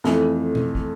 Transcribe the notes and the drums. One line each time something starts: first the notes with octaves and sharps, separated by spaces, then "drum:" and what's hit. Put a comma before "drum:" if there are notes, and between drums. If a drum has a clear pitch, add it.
F2 E3 A3, drum: snare
drum: tom B2
drum: kick